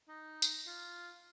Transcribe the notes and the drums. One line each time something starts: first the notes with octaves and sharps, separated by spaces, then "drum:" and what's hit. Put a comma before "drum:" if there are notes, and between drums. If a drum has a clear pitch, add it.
D#4
drum: tambourine
F4